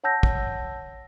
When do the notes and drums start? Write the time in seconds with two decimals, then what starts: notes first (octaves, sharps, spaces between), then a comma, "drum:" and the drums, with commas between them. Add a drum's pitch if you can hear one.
0.04 C#5 F#5 A5 E6 G6 A#6
0.23 drum: kick